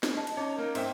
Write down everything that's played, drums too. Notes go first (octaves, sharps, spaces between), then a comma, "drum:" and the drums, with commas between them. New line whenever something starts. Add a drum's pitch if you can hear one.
drum: snare
D#5 A5
drum: cymbal
C#4 D#4 C#5 D6
A#3 D#4 A#4
G#2 C4 E5 G5, drum: cymbal